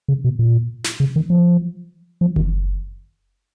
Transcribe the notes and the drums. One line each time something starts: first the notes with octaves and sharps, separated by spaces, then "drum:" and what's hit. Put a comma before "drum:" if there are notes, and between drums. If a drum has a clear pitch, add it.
C#3
B2
A#2
drum: snare
C#3
D#3
F3
F3
D#3, drum: kick F#1